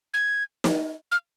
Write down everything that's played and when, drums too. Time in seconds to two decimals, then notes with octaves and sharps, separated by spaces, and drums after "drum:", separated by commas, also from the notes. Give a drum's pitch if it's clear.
0.14 G#6
0.64 drum: snare
1.12 F6